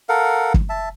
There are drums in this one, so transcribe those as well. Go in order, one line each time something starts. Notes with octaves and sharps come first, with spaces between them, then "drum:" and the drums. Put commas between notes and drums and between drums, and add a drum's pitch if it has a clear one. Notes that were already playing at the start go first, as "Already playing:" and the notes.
A4 A#4 F5 F#5
drum: kick
E5 A5